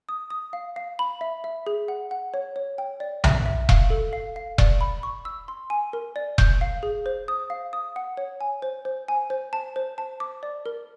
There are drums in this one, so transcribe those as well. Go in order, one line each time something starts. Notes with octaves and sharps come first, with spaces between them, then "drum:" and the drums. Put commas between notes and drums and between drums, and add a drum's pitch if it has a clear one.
D#6
D#6
F5
F5
B5
E5
E5
G#4
F#5
F#5
C#5
C#5
G5
D5
E5, drum: tom B1
E5
F5, drum: kick E1
A4
F5
F5
D5, drum: kick E1
B5
C#6
E6
C6
G#5
A#4
D5
G6, drum: kick E1
F5
G#4
C5
D#6
F5
D#6
F#5
C#5
G#5
C5
C5
G#5
C5
A5
C5
A5
D6
D5
A#4